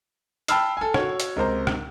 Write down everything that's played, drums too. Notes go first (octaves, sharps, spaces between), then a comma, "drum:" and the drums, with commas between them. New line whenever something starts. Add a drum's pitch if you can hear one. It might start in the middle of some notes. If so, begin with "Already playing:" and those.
G5 A5 B5 E6 F6 C7, drum: hi-hat
A4 G#5
F#4 C#5, drum: rim click
drum: hi-hat
C#2 C3 A#4 C5 A#5
drum: rim click